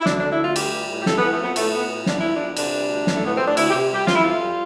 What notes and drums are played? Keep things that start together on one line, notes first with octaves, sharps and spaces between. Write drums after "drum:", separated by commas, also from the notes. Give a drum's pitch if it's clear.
E4
D2 D4, drum: snare
D4
D3
E4
D2 F4
G3 G4, drum: cymbal
G3
A2
G4
F2 A4, drum: snare
B3
E3
A3
F2 B3
A2 A3, drum: cymbal
A2 B3
A2
E2 D4, drum: snare
F3 E4
D4
E2
C3 D4, drum: cymbal
G3
D2
A2, drum: snare
A3
A2 B3
C4
A2
D4
D2 E4, drum: cymbal
G4
C3
G3 G4
F2 F4, drum: snare
E4
F2 F4
G3